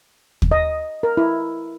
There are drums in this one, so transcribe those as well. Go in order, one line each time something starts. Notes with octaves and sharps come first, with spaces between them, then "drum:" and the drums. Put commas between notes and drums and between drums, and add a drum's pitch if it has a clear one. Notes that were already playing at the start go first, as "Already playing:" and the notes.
drum: kick
D#5
A#4
E4